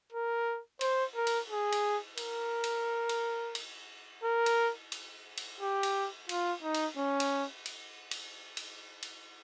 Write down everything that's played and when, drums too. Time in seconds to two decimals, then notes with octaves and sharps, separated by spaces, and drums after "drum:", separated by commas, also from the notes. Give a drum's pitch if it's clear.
0.12 A#4
0.81 C5, drum: cymbal
1.15 A#4
1.27 drum: cymbal
1.50 G#4
1.72 drum: cymbal
2.17 A#4, drum: cymbal
2.64 drum: cymbal
3.09 drum: cymbal
3.55 drum: cymbal
4.24 A#4
4.46 drum: cymbal
4.92 drum: cymbal
5.37 drum: cymbal
5.61 G4
5.83 drum: cymbal
6.29 F4, drum: cymbal
6.63 D#4
6.74 drum: cymbal
6.97 C#4
7.20 drum: cymbal
7.66 drum: cymbal
8.11 drum: cymbal
8.57 drum: cymbal
9.02 drum: cymbal